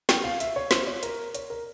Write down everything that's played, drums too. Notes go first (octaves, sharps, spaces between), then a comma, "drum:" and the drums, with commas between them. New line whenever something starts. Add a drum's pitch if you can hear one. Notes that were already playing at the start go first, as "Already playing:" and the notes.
G5, drum: snare
F5
E5, drum: hi-hat
C#5
C5, drum: snare
C#5
A#4, drum: hi-hat
C#5, drum: hi-hat
A#4